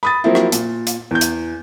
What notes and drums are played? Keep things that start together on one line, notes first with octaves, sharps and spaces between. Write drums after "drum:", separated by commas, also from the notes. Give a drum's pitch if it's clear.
B5 D#6 A6
F3 F#3 A#3 C4 E4
drum: rim click
A#2, drum: hi-hat
drum: hi-hat
E2 G6
drum: hi-hat